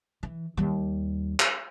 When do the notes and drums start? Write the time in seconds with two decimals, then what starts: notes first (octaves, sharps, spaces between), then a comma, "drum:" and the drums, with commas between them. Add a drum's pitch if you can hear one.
0.23 E3
0.57 D#2 G3
1.40 drum: clap